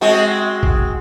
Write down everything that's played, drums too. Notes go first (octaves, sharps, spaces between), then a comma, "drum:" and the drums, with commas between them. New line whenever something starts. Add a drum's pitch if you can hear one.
G#3 C4 F#4
drum: kick